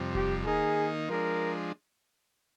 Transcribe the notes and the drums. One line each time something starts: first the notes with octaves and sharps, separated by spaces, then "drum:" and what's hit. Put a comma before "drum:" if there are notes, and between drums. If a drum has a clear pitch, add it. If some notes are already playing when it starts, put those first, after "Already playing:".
Already playing: F2 C3 G3
G4, drum: kick D#1
D#3 A#3 D#4 G#4
F3 G#3 D4 A#4